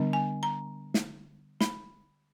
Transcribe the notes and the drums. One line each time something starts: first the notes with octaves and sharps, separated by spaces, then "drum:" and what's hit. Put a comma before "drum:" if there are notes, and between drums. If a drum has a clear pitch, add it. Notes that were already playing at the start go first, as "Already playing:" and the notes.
Already playing: D3 G3 B3 D4
G#5
A#5
drum: snare
B5, drum: snare